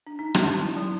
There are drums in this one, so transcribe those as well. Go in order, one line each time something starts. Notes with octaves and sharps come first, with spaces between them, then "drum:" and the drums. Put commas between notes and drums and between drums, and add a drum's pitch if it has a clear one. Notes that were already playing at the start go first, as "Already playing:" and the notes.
D4
D#4
drum: rim click
A5
E4
F#3